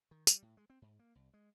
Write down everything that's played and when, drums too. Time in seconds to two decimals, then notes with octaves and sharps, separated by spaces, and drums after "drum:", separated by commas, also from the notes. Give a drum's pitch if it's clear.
0.11 D#3
0.27 G3, drum: tambourine
0.42 A2
0.57 G#3
0.70 C4
0.82 G#2
0.99 A#3
1.15 C2
1.34 G#3